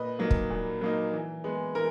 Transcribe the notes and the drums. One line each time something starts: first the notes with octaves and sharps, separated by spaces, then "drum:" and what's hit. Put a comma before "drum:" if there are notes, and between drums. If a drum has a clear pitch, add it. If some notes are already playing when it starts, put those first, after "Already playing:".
Already playing: A#2 B4 D#5
F#3 A#3 D#4
drum: kick
A#2
F#3 A#3 D#4
E3
G#3 B3
E3 A#4